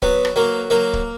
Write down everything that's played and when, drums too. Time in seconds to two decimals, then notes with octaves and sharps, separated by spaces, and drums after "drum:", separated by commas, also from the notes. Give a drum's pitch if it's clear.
0.02 F#3 B3, drum: kick D1
0.25 drum: rim click
0.36 F#3 A#3
0.70 F#3 A#3
0.93 drum: kick D1